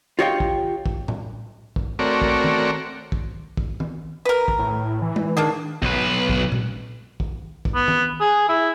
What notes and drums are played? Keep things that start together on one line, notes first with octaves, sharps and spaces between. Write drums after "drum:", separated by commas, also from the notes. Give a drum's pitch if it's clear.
F4 G4 C#5 D#5 F5 G5
drum: kick
drum: kick
drum: tom A2
drum: kick
A3 C4 F#4 A#4 C#5 D5
drum: kick
drum: tom D#3
drum: kick
drum: kick
drum: tom D#3
A#4 B4
drum: kick
A2
E3
drum: tom G#3
D#3 A#3 D4 G#4
B1 B4, drum: kick
drum: kick
drum: tom A#2
drum: kick
drum: kick
B3
drum: tom D#3
G#4
E4